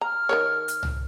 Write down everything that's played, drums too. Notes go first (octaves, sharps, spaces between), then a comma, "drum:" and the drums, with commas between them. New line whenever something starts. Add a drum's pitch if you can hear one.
A#5 F6
D#3 A#4 C#5
drum: hi-hat
drum: tom C2